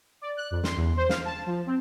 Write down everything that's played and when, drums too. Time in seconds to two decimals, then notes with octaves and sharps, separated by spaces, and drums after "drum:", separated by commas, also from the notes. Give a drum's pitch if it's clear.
0.21 D5
0.37 F#6
0.51 F2
0.64 C6, drum: snare
0.76 E2
0.97 C5
1.09 F5, drum: snare
1.25 A5
1.46 F3
1.67 C4